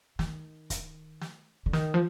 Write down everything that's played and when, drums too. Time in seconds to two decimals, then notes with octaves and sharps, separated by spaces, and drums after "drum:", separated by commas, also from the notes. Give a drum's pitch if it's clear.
0.19 D#3, drum: snare
0.70 drum: kick, hi-hat
1.21 drum: snare
1.66 D3
1.73 D#3, drum: snare
1.94 F3